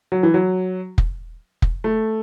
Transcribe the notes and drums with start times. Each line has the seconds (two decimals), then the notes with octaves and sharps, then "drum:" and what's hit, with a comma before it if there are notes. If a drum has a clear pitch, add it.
0.12 F#3
0.23 E3
0.34 F#3
0.98 drum: kick F1
1.62 drum: kick F1
1.84 A3